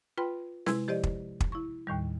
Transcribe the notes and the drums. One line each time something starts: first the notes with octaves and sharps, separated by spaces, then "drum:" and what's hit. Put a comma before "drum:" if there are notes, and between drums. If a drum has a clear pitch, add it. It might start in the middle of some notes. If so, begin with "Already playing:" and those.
F4 B4 G5 B5 C6
C3 G#3 E4 B4 C6 G#6, drum: snare
F3 G4 C5 D5 D#5
drum: kick
drum: kick
E4 C#6
D#2 A2 D#3 G3